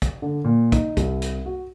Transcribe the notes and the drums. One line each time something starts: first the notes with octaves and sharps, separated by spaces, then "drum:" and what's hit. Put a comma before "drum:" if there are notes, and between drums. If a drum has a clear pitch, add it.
drum: kick, hi-hat
D3
A#2
D#4, drum: kick, hi-hat
C2, drum: kick, hi-hat
drum: hi-hat
F#4